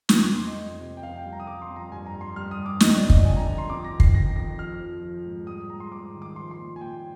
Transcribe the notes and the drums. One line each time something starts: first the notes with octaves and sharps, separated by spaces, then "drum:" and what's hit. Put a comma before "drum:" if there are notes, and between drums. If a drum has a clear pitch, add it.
G6, drum: snare
F2 G#6
D6
F2 C6
D#5
F2
C3
G5
F2 F5
G5
G3
A#5
D#6
G3 D6
C6
F2
A#5
G2 G#5
A#5
G3
C6
G3 F6
D#6
G2
D6
F2 D#5, drum: snare
D5
D3
D#5, drum: kick
F2 G#5
A#5
F2 A#5
C6
F2 D6
A#6
D#3
C7, drum: kick
F2 A#6
F2 A#6
F3 F6
F3
F3
G#2
G3 D#6
G#2 A#5
C6
G#2 D6
D#3
D6
F3 C6
C6
A#2
G#5
A#2 G5